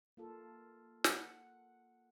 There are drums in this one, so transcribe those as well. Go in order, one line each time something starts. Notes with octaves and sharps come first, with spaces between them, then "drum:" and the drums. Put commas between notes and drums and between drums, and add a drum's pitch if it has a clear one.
A#3 F4 A4
F#5, drum: snare